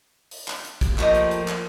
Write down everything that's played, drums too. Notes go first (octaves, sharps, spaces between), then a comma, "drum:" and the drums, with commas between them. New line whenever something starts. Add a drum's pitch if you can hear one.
drum: open hi-hat
drum: clap
drum: hi-hat
drum: kick, hi-hat
F3 A3 A#3 G4 D#5, drum: clap
drum: hi-hat
drum: hi-hat
drum: clap